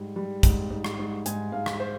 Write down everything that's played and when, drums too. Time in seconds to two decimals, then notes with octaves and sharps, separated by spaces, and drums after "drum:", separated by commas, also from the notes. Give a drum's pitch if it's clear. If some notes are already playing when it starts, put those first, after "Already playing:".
Already playing: G#2 G3
0.16 G3
0.43 G#2, drum: kick, hi-hat
0.70 G#2
0.84 drum: rim click
0.99 G#2
1.26 G#2 G#5, drum: hi-hat
1.52 G#2 F5
1.66 drum: rim click
1.80 C5